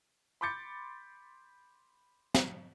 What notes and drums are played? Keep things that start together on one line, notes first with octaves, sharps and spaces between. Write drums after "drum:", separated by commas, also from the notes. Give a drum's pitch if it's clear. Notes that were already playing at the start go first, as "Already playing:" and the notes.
B5 C6 D6 G6 A6 C#7
drum: snare